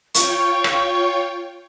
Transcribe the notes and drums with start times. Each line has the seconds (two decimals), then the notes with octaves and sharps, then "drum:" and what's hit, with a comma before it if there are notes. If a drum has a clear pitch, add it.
0.14 F4 C#5 G5 C#6, drum: hi-hat
0.64 drum: rim click